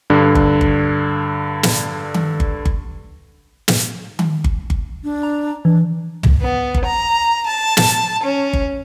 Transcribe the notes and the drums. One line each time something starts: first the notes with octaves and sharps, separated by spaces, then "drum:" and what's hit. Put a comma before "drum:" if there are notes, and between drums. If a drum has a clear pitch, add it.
G2 D3
drum: kick G1
drum: kick G1
drum: snare
drum: tom D#3
drum: kick G1
drum: kick G1
drum: snare
drum: tom D#3
drum: kick G1
drum: kick G1
D4
A#5
E3 D4
drum: tom
B3
drum: kick G1
A#5
A5
drum: snare
C#4
drum: kick G1